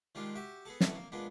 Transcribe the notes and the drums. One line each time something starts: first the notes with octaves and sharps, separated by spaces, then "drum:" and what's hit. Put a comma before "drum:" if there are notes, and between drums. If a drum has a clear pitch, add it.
D#3 G3 G#3 D4 F4
F#4 G4 E5
B3 G#4 A4
E3 A3 F#4 A4, drum: snare
A#3
A#2 G#3 B3 D4